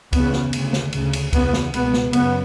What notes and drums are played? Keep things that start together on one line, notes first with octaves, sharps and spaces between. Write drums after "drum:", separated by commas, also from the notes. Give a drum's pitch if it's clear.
E2 C#3 B3, drum: kick C#2, cymbal
drum: snare
D2 C#3, drum: cymbal
drum: snare
D2 C#3, drum: cymbal
drum: cymbal
E2 C#3 B3, drum: kick C#2, cymbal
drum: snare
C#2 B2 B3, drum: cymbal
drum: snare
F#2 C#3 B3, drum: cymbal